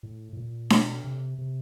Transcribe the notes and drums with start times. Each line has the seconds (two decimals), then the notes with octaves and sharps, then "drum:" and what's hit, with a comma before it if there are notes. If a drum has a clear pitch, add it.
0.03 A2
0.33 A2
0.37 A#2
0.70 B2, drum: snare D4
1.04 C3
1.39 C3